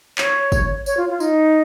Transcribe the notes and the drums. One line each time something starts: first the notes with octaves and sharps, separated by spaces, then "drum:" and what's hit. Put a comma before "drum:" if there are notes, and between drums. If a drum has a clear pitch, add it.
C#5, drum: clap
drum: kick, tambourine
C#5, drum: tambourine
F4
F4
D#4, drum: tambourine